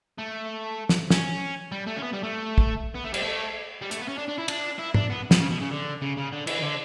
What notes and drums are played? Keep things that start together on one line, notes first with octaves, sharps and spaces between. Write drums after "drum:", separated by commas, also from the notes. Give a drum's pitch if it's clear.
A3
drum: snare
C#4, drum: snare
G3
A3
C#4
B3
G3
A3
drum: kick
B3
A3
G3, drum: cymbal
A3
G3
A3, drum: hi-hat
B3
C#4
D4
D4
E4
D4, drum: cymbal
E4
D4, drum: tom
B3
B2, drum: snare
C#3
B2
C#3
D3
C#3
C#3
D3
E3, drum: cymbal
D3